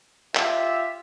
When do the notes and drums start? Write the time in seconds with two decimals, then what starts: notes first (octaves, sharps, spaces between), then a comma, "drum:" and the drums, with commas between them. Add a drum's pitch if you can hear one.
0.35 F4 G4 E5, drum: clap